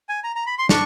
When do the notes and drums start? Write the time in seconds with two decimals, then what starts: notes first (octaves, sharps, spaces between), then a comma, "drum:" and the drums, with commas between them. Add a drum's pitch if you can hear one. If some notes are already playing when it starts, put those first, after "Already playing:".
0.09 G#5
0.24 A#5
0.36 A#5
0.47 B5
0.58 C6
0.69 D4 C#6, drum: snare